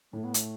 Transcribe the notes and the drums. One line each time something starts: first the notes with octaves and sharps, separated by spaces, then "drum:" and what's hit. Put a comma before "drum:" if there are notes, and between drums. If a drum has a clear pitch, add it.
A2 A3
B3
A3, drum: hi-hat